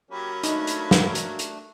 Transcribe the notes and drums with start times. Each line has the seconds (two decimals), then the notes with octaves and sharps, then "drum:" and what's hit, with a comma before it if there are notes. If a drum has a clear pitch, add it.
0.11 F#3 A#3 C#4 G4 B5
0.43 A3 D4 D#4, drum: hi-hat
0.67 drum: hi-hat
0.91 drum: snare
1.15 drum: hi-hat
1.39 drum: hi-hat